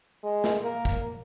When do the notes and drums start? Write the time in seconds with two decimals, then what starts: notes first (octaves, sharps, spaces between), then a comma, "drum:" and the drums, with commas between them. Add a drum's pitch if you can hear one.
0.23 G#3
0.44 drum: snare
0.63 A#3
0.85 drum: kick, hi-hat